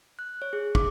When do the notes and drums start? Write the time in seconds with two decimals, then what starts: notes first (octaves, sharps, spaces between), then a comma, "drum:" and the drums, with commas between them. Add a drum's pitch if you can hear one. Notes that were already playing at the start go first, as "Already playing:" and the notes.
0.19 F#6
0.42 C#5
0.53 G#4
0.75 D6, drum: kick